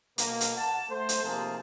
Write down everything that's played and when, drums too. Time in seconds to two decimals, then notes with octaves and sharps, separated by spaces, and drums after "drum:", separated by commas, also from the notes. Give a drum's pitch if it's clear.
0.18 B2 A#3, drum: hi-hat
0.41 drum: hi-hat
0.57 F#5 A5
0.90 A3 C5
1.09 drum: hi-hat
1.23 D#2 C3 F3 A#3 G#4 A5